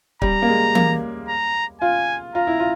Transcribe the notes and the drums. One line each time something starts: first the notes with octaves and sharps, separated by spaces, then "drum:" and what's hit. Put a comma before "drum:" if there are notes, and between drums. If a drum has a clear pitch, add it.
G3 A#5, drum: kick
A#3
G#3
A#3, drum: tom E3
A#5
F4 G#5
F4 A#5
E4
F4